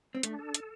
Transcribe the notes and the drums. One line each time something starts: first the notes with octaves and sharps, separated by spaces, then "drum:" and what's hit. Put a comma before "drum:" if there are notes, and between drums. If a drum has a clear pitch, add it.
C4
A3 D4, drum: hi-hat
A4
drum: hi-hat